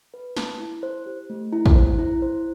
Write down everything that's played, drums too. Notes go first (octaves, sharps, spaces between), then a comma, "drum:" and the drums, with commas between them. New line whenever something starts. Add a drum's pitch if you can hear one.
B4
A5, drum: snare
E4
C5
G4
A3
E4
drum: kick
C5
E4
C5